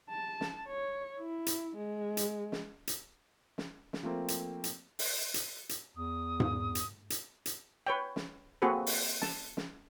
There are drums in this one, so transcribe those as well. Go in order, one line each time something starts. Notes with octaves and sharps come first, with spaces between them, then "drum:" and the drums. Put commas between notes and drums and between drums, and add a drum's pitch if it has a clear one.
A5
drum: snare
C#5
E4
drum: hi-hat
G#3
drum: hi-hat
drum: snare
drum: hi-hat
drum: snare
drum: snare
F3 A3 A#3 C4
drum: hi-hat
drum: hi-hat
drum: open hi-hat
drum: hi-hat
drum: hi-hat
E2 D#6
drum: tom G#2
drum: hi-hat
drum: hi-hat
drum: hi-hat
B4 C#5 G5
drum: snare
A#3 C4 F#4 G#4 A4 B4
drum: open hi-hat
A5, drum: snare
drum: snare